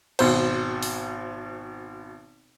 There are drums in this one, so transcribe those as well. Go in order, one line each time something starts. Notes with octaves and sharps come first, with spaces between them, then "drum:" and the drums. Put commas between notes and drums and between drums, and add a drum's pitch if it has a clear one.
G#1 B2 C5, drum: cymbal
drum: open hi-hat